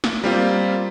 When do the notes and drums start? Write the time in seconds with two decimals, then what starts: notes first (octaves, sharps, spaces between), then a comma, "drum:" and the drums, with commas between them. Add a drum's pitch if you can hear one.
0.04 drum: snare
0.24 G3 A#3 C4 F4